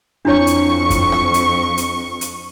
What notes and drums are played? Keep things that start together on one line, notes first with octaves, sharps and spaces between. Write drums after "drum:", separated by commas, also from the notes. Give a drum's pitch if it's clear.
F2 D4 E4 C#5 C#6
drum: hi-hat
drum: kick F#2, hi-hat
drum: rim click
drum: hi-hat
drum: hi-hat
drum: hi-hat